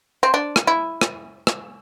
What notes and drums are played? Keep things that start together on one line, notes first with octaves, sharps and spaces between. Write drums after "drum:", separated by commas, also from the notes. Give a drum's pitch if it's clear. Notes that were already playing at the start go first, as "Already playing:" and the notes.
C4
D4
drum: rim click
E4
drum: rim click
drum: rim click